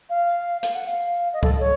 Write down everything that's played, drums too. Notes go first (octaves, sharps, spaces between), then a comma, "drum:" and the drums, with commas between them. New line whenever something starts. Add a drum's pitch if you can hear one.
F5
F5, drum: hi-hat
F#5
F5
D#5
A4, drum: kick C#2
C#5